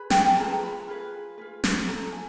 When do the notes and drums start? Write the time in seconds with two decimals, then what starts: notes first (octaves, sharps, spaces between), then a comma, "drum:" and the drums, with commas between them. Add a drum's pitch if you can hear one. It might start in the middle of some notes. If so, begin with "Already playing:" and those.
Already playing: G#4 B4 B5
0.10 G5, drum: snare
0.20 G#5
0.29 A5
0.39 F4 G#4 B4 A#5
0.63 B5
0.88 F4 G#4 B4
1.38 F4 G#4 B4
1.64 drum: snare
1.88 F4 A4 A#5
2.12 G#5